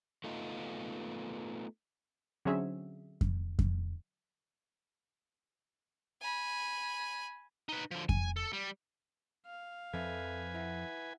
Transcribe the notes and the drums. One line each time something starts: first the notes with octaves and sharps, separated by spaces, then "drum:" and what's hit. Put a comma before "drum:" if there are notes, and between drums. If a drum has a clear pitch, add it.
A3 B3 D#4 F4
D3 F#3 C4 C#4 G#4 E5
drum: kick F2
drum: kick F2
G#5 B5
D#4 B4
D3 F3
G#5, drum: kick F2
A4
G3
F5
F2 F3 A4 B4 E5 G#5
E4 E5 F#5